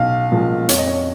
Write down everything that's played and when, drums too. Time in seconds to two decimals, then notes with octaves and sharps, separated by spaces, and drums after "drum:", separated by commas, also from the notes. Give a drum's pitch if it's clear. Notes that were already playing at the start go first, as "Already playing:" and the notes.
Already playing: B1 F5
0.31 A#2 F3 G#3
0.69 F2 C#5, drum: hi-hat
0.78 D#5
0.87 C#5